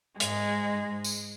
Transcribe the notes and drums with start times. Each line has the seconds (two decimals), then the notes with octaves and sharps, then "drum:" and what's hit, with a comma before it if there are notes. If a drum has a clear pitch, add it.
0.20 G#2 G#3, drum: hi-hat
1.04 drum: tambourine